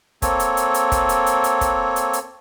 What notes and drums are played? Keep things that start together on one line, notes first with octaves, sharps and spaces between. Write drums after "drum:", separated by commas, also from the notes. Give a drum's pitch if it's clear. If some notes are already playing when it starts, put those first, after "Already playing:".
A#3 C4 A4 C#5, drum: kick, hi-hat
drum: hi-hat
drum: hi-hat
drum: hi-hat
drum: kick, hi-hat
drum: hi-hat
drum: hi-hat
drum: hi-hat
drum: kick, hi-hat
drum: hi-hat
drum: hi-hat